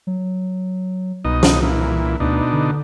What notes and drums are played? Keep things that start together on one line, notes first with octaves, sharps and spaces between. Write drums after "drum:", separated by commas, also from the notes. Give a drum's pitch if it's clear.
F#3
C2 B2 D#4 D#5
drum: snare
A#2 E3
D2 B2 D4 D#4
D3